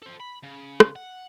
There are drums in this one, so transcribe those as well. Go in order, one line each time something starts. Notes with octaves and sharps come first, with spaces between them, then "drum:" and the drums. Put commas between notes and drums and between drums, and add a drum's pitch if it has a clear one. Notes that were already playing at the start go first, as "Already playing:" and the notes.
A4 C5
B5
C#3
drum: rim click
F#5